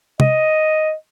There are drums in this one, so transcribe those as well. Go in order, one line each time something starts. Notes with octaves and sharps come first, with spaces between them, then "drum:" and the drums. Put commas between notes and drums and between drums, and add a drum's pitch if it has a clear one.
D#5, drum: tom C3